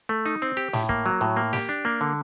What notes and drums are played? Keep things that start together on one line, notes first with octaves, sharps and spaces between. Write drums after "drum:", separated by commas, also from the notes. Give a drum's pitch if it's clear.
A3
D#4
C4
G4
A2, drum: snare
A#3, drum: kick
F#3
A2
A#3
G4, drum: snare
D4
A#3
D3